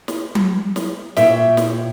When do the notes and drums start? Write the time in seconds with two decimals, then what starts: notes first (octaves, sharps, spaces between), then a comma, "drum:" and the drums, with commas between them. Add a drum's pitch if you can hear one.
0.08 drum: snare
0.35 drum: tom F#3
0.76 drum: snare
1.17 A#2 C#5 E5 G5, drum: snare
1.57 drum: snare